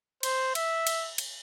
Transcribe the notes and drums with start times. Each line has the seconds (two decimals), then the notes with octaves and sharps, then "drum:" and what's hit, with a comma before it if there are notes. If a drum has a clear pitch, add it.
0.23 C5, drum: cymbal
0.55 E5, drum: cymbal
0.87 drum: cymbal
1.18 drum: cymbal